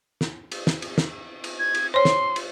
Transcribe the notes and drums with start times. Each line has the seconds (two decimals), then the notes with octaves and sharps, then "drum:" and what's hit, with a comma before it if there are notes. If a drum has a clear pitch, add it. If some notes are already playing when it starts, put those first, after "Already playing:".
0.21 drum: snare
0.52 drum: cymbal
0.67 drum: snare
0.82 drum: cymbal
0.98 drum: snare
1.44 drum: cymbal
1.59 G#6
1.74 drum: cymbal
1.94 C5 C#5 C6
2.05 drum: snare
2.36 drum: cymbal